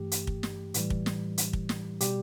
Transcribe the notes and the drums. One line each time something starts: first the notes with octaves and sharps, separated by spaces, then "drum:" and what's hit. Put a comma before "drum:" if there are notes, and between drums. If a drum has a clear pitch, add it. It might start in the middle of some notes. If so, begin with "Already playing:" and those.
Already playing: G2 E3 A3 G4
drum: hi-hat
drum: kick
drum: snare
A2 E3 G3, drum: hi-hat
drum: kick
drum: snare
drum: hi-hat
drum: kick
drum: snare
B2 G3 G4, drum: hi-hat